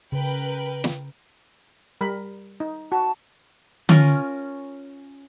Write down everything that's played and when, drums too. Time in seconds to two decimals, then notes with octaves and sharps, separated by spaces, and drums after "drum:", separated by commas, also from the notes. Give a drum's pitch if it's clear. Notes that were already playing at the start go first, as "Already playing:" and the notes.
0.12 C#3 A#4 B4 G5
0.84 drum: snare
2.01 G3 A#4 B5
2.60 D#4
2.92 F#4 A5
3.89 C#4 F4 A#4, drum: tom D3